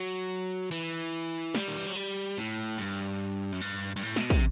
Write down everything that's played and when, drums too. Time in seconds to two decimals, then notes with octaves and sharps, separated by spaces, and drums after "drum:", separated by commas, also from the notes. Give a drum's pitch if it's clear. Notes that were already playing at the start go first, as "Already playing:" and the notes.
Already playing: F#3
0.71 E3, drum: cymbal
1.55 G3, drum: snare
1.68 D#3
1.77 E3
1.86 F#3
1.95 G3, drum: cymbal
2.38 A2
2.78 G2
3.52 F#2
3.61 G2
3.96 G2
4.03 A2
4.16 B2, drum: snare
4.30 C3, drum: kick